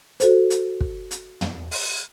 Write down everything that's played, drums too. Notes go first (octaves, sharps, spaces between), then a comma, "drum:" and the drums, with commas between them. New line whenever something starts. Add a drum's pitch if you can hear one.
F#4 A4 C5, drum: hi-hat
drum: hi-hat
drum: kick
drum: hi-hat
drum: tom
drum: open hi-hat